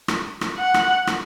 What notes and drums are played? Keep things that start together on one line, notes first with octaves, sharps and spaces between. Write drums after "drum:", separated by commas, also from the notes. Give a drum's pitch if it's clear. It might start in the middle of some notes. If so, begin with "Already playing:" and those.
drum: rim click
drum: rim click
F#5
drum: rim click
drum: rim click